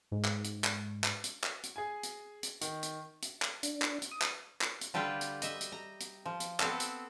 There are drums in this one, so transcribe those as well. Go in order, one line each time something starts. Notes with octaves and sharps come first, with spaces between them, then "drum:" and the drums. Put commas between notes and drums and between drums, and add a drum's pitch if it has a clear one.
G#2
drum: clap
drum: hi-hat
drum: clap
drum: clap
drum: hi-hat
drum: clap
drum: hi-hat
G#4 G#5
drum: hi-hat
drum: hi-hat
D#3, drum: hi-hat
drum: hi-hat
drum: hi-hat
drum: clap
D4, drum: hi-hat
drum: clap
drum: hi-hat
D#6
drum: clap
drum: clap
drum: hi-hat
D3 G3 F4 G4 B4
drum: hi-hat
D#5 E5, drum: hi-hat
drum: hi-hat
A#5
drum: hi-hat
F3
drum: hi-hat
B3 C4 A4, drum: clap
drum: hi-hat